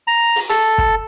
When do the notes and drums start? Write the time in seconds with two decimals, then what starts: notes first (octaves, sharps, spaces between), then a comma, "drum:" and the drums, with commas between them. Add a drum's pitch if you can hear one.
0.08 A#5
0.36 drum: open hi-hat
0.49 A4, drum: hi-hat
0.78 drum: kick